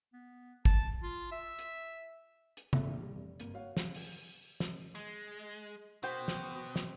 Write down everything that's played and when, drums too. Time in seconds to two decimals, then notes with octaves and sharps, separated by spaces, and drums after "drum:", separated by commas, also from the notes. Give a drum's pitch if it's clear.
0.13 B3
0.65 A5, drum: kick
1.03 F4
1.32 E5
1.59 drum: hi-hat
2.57 drum: hi-hat
2.73 G#1 G#2 F3 A4 E5, drum: tom
2.87 A#1
3.01 G3
3.15 F1
3.40 G1 A#3, drum: hi-hat
3.54 F#4 C#5 F5
3.77 drum: snare
3.95 drum: open hi-hat
4.60 drum: snare
4.95 G#3
6.03 B2 F#4 C5 G5, drum: hi-hat
6.28 drum: snare
6.76 drum: snare